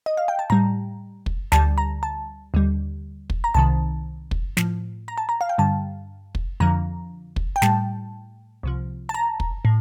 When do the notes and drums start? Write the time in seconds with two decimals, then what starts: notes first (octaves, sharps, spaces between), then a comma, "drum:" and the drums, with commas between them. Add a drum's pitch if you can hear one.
0.06 D#5
0.17 F5
0.28 G5
0.39 A5
0.50 A2 G3 A#5
1.26 drum: kick
1.52 D2 D3 G3 A5, drum: snare
1.78 A#5
2.03 A5
2.54 D#2 D3 G3
3.30 drum: kick
3.44 A#5
3.54 C2 C3 D#3 A5
4.31 drum: kick
4.57 A2 F3, drum: snare
5.08 A#5
5.18 A5
5.29 A#5
5.41 F5
5.49 G5
5.58 G2 D3 G3 A5
6.35 drum: kick
6.60 F2 D3 F3 A#5
7.36 drum: kick
7.56 G5
7.62 A2 G3 A5, drum: snare
8.63 C2 C3 F3
9.09 A5
9.14 A#5
9.40 drum: kick
9.65 A2